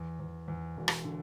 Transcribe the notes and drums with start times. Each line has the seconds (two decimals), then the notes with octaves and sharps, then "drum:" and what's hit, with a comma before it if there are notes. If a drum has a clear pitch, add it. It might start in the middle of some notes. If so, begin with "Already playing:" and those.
Already playing: E2
0.20 E2
0.48 E2
0.77 E1
0.88 drum: rim click
1.05 D3